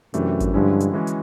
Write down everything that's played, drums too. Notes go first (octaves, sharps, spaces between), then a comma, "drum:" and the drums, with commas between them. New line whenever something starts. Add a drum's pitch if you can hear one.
F#2 C3 E3 A3 D4 G4, drum: hi-hat
drum: kick G#1, hi-hat
G2 D3 F3 G#3 C#4 E4
drum: hi-hat
E3 G#3 C#4 F#4
drum: hi-hat